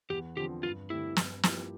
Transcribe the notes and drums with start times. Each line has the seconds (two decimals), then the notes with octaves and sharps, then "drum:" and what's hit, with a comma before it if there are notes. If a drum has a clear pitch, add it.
0.10 E2 G4
0.36 D3 F3 C4 G4
0.63 G2 F4
0.90 D3 A3 C4 E4 G4
1.16 G2, drum: snare
1.43 F3 A#3 E4 G4, drum: snare